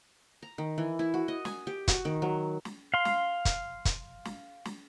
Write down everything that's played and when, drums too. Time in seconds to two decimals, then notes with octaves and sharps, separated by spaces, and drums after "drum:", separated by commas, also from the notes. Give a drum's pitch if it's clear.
0.43 A#5
0.58 D#3
0.78 E3
0.99 E4
1.14 F#4
1.28 D#5
1.45 G#5, drum: snare
1.67 G4
1.88 F#4, drum: kick, hi-hat
2.05 D#3
2.22 F#3
2.65 drum: snare
2.94 F5 C6
3.05 drum: snare
3.45 drum: kick, hi-hat
3.85 drum: kick, hi-hat
4.25 drum: snare
4.65 drum: snare